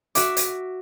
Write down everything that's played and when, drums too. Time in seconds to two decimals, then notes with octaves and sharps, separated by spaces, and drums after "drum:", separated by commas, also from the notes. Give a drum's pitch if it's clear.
0.15 F#4 E5 D6, drum: hi-hat
0.37 drum: hi-hat